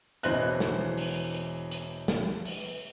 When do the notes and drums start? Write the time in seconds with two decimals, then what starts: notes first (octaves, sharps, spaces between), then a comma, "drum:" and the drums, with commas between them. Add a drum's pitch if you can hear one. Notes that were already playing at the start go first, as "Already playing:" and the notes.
0.23 E1 E3 C5 D#5 F#6, drum: hi-hat
0.60 drum: snare
0.97 drum: open hi-hat
1.34 drum: hi-hat
1.71 drum: hi-hat
2.08 drum: snare
2.45 drum: open hi-hat